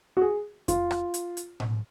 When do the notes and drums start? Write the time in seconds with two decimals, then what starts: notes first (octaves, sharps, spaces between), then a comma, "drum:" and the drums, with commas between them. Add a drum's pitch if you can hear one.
0.17 F#4
0.22 G#4
0.68 F4, drum: kick F2, hi-hat
0.91 drum: rim click
1.14 drum: hi-hat
1.37 drum: hi-hat
1.60 drum: tom A2